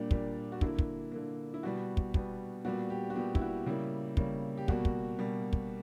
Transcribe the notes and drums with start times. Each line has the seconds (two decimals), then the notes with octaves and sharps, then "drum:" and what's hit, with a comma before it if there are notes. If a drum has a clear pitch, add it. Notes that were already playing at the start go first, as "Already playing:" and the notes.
Already playing: A#2 G3 A#3 D4
0.11 A#2 G3 A#3, drum: kick
0.52 F#4
0.61 D3 A#3 E4, drum: kick
0.79 drum: kick
1.12 D3 A#3
1.54 E4
1.63 B2 G3 B3 F#4
1.97 drum: kick
2.14 B2 G3 B3, drum: kick
2.65 A#2 G3 B3 F#4
2.90 G4
3.10 F#4
3.15 A#2 G3 B3 G4
3.35 E4, drum: kick
3.41 F#4
3.66 C#3 G3 A#3 E4
4.17 C#3 G3 A#3, drum: kick
4.57 G4
4.68 B2 G3 A#3 F#4, drum: kick
4.85 drum: kick
5.19 B2 G3 A#3
5.53 drum: kick